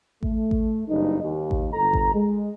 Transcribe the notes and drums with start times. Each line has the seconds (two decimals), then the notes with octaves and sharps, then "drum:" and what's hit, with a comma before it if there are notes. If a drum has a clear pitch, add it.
0.23 A3, drum: kick A1
0.51 drum: kick A1
0.88 F#1 G2 E3 D#4
1.22 D#2
1.51 drum: kick A1
1.73 G1 A4 A#5
1.94 drum: kick A1
2.14 G#3